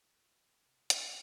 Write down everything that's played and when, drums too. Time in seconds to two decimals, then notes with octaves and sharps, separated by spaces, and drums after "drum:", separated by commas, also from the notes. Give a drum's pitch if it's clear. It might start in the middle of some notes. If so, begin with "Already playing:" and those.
0.16 A#2
0.65 C3
0.90 C#3, drum: hi-hat